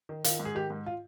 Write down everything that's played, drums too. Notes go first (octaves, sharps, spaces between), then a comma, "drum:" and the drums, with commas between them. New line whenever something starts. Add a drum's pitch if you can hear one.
D#3
D#3 F4, drum: hi-hat
G#2
G#4
D#3 G4
G#2
F4